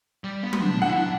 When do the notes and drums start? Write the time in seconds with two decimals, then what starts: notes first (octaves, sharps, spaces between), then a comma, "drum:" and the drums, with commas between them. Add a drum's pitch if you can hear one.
0.24 G3
0.43 B3
0.53 drum: tom F#3
0.62 D4
0.82 D4 F#5
0.89 E4
0.96 D4